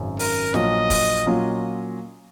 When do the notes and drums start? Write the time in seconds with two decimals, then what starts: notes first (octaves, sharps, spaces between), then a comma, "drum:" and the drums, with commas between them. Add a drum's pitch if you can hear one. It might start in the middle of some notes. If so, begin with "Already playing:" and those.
Already playing: G#1 F#2 C#3
0.19 A#4, drum: open hi-hat
0.54 A#1 A#2 F#3 D#5, drum: snare
0.90 drum: kick, open hi-hat
1.26 A#2 F#3 C#4 F4